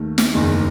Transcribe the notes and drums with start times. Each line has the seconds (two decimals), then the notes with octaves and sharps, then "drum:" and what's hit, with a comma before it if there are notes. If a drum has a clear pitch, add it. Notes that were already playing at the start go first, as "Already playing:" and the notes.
Already playing: D#2 D#3 A3
0.18 drum: snare
0.34 F#1 E2 D#3 G#3